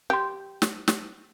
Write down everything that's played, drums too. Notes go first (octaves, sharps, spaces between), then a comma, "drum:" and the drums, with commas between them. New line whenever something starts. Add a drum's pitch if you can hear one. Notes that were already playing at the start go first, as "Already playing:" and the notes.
G4 C6 G6
drum: snare
drum: snare